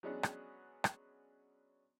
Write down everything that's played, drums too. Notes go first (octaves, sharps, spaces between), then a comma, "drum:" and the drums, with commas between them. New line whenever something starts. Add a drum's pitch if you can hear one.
F#3 G#3 B3 C#4 D4 G#4
drum: rim click
drum: rim click